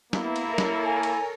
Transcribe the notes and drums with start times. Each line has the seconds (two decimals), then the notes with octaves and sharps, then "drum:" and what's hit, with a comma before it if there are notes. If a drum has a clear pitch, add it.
0.13 A#3 B3 E4, drum: snare
0.36 drum: cymbal
0.49 A4 A#4 C#5
0.58 drum: snare
0.85 G#5
1.03 drum: cymbal